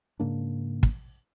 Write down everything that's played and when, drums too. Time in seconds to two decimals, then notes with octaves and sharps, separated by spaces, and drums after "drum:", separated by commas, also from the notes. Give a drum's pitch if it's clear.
0.20 G#2 C#3 A#3 D4
0.83 drum: kick